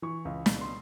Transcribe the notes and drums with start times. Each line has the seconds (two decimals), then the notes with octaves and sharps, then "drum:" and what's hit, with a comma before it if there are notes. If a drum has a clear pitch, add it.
0.02 E3 C#6
0.25 C#2
0.46 B2, drum: snare
0.61 C6